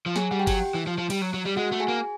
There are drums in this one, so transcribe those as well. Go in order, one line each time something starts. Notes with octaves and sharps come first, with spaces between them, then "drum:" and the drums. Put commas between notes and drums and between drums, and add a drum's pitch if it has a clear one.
F3
F#3 G#4 G#5, drum: snare
G3 F#5
G4 G5
F#3, drum: kick G1, cymbal
E3
F3
F3
G3, drum: cymbal
F#3
F#3
G3
G#3 F#4 F#5
A3
G#4 G#5
A#3